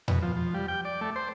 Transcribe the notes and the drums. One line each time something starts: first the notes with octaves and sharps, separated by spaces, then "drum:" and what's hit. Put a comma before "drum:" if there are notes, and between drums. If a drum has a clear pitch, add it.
B2, drum: tom E2
F3
F3
G3
G5
D5
A3
C5